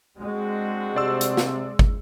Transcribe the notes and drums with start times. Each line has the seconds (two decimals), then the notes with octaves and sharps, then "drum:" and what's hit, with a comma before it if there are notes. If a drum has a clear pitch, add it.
0.18 G#3 C4 D4 F#4
0.96 C3 D5 C6 E6
1.21 drum: hi-hat
1.37 drum: snare
1.79 drum: kick